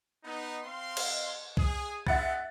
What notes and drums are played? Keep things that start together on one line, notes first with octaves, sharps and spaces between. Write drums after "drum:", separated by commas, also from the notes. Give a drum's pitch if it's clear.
B3 D#4
C4 F5 C6
drum: cymbal
G#4, drum: kick C2
G#3 C4 E5 F#5 A6, drum: kick C2